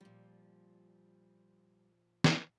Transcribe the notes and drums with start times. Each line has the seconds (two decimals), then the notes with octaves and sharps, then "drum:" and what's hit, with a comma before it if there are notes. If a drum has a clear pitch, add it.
0.01 A#2 F3 G3
2.24 drum: snare